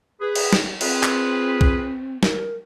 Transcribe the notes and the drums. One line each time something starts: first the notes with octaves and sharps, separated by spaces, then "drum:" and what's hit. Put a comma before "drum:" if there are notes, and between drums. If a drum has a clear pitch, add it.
G#4 B4
drum: cymbal
drum: snare
C4 F4 G#4 B4, drum: cymbal
drum: clap
drum: kick
A#4, drum: snare